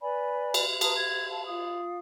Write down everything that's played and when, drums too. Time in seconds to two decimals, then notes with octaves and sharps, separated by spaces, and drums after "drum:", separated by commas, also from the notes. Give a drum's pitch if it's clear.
0.02 B4 D5 G#5 B5
0.54 drum: cymbal
0.81 B4 A5 A#5 D#6, drum: cymbal
0.96 G#6
1.30 F5 A5
1.47 F4 F5 D#6